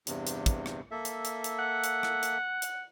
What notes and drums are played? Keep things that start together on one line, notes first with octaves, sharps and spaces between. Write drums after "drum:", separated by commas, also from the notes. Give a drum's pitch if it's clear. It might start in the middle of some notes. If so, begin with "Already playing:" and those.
E2 G2 C3, drum: hi-hat
drum: hi-hat
drum: kick, hi-hat
drum: rim click
A#3 A4 E5
drum: hi-hat
drum: hi-hat
drum: hi-hat
F#5
drum: hi-hat
drum: rim click
drum: hi-hat
drum: hi-hat